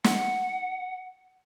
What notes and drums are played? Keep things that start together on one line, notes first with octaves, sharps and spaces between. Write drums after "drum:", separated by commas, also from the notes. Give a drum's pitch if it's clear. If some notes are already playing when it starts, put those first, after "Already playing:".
F#5, drum: snare